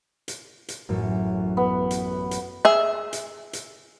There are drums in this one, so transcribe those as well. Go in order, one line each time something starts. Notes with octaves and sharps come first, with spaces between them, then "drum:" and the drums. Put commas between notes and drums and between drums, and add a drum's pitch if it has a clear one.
drum: hi-hat
drum: hi-hat
A1 F#2
B3
drum: hi-hat
drum: hi-hat
G#4 E5
drum: hi-hat
drum: hi-hat